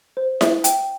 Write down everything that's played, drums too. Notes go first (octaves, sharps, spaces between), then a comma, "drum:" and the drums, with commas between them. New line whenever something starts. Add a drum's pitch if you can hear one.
C5
E5, drum: snare E4
G5, drum: hi-hat